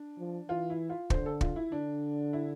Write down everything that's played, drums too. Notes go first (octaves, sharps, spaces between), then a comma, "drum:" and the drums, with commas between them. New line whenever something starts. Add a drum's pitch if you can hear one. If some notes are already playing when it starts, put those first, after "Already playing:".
Already playing: D4
F3
E3 F4
E4
F4
D3 C5, drum: kick
A4
F4, drum: kick
E4
D3 D4
E4